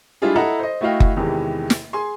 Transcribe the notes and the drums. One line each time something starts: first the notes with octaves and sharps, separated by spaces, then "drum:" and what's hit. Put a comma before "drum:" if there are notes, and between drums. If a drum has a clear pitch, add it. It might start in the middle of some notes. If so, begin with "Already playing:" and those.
G3 G#3 D4 E4 F4 G#4
E4 A4 D#5 F#5 A#5
C5 D#5
A3 E4 F#4 D#5 F5 G5
drum: kick F#1
E2 C3 D#3 E3 G#3
drum: snare
G#4 G#5 C6